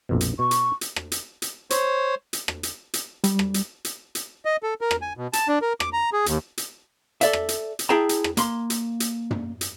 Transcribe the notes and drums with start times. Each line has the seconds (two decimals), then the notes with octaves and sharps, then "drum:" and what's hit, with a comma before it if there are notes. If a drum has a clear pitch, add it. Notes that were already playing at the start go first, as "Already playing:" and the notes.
0.09 A#1 F2 B2
0.21 drum: hi-hat
0.39 B2 C#6
0.51 drum: hi-hat
0.81 drum: hi-hat
0.96 drum: rim click
1.12 drum: hi-hat
1.42 drum: hi-hat
1.70 C5 C#5, drum: hi-hat
2.33 drum: hi-hat
2.48 drum: rim click
2.63 drum: hi-hat
2.94 drum: hi-hat
3.24 G3, drum: hi-hat
3.39 drum: rim click
3.54 drum: hi-hat
3.85 drum: hi-hat
4.15 drum: hi-hat
4.45 D#5
4.63 A4
4.81 A#4
4.91 drum: rim click
5.02 G#5
5.17 B2
5.33 A5, drum: hi-hat
5.48 D4
5.62 A#4
5.80 D6, drum: rim click
5.93 A#5
6.13 G#4
6.26 D#2, drum: hi-hat
6.58 drum: hi-hat
7.21 A4 D5 E5, drum: hi-hat
7.33 drum: rim click
7.49 drum: hi-hat
7.79 drum: hi-hat
7.89 E4 G#4 G5 A5 A#5
8.09 drum: hi-hat
8.24 drum: rim click
8.37 A#3 C6, drum: hi-hat
8.70 drum: hi-hat
9.00 drum: hi-hat
9.31 drum: tom
9.61 drum: hi-hat